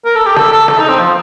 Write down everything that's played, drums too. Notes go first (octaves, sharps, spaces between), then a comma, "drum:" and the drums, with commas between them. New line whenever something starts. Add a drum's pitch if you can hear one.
A#4
A4
G4
A4, drum: snare
A4
A4, drum: snare
D#4
C4
F3